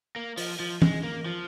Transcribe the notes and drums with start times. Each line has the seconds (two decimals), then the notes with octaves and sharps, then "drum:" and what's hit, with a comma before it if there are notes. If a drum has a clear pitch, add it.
0.16 A#3
0.37 F3, drum: open hi-hat
0.60 F3
0.82 G#3, drum: tom
1.03 A#3
1.26 F3